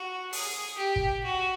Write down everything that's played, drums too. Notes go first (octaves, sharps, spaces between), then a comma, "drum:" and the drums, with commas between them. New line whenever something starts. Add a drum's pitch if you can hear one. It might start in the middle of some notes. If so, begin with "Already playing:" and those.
Already playing: F#4
G#4, drum: open hi-hat
G4
drum: kick
F#4